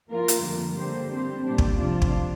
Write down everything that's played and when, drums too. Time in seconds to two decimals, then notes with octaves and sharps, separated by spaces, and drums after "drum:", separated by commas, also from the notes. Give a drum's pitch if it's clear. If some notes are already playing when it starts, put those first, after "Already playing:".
0.10 F3 A#3 F4 A#4
0.28 drum: hi-hat
0.43 F2 D3 G3 A#3
0.77 D3 G3 A#3 G4 C5
1.11 G3 C4 G4 C5
1.45 A#2 G3 D4 G4
1.58 drum: kick
1.79 C3 F3 D4 F4
2.02 drum: kick